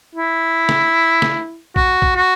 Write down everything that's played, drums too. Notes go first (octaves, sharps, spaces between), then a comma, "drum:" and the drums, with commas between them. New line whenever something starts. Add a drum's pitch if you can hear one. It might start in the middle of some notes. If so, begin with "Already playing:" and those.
E4
drum: snare
drum: snare
F#4, drum: kick A#1
drum: kick A#1
F#4